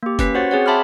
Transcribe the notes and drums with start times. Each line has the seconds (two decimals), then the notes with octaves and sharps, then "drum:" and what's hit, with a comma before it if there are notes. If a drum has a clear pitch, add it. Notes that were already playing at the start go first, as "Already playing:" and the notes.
0.03 A#3 G4
0.19 C#4 B4 B6, drum: kick F1, hi-hat
0.34 F#4 C5 C#5 F#5 A6
0.51 C4 G#4 C#5 F#5
0.66 E5 A5 B5 C6 D6 F6